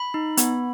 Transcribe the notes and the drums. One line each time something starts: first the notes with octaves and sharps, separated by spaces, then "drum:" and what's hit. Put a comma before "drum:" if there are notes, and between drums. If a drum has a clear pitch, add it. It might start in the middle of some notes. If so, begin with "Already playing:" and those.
Already playing: B5
D#4
B3, drum: hi-hat